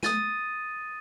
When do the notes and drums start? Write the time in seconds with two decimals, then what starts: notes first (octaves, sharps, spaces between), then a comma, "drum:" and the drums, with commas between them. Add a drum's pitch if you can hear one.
0.03 D#6 A6 D#7, drum: snare